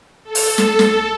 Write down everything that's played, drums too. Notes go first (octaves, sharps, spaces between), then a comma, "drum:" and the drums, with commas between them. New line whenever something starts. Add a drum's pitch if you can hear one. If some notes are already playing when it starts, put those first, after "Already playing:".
A4
drum: open hi-hat
drum: snare
A4, drum: snare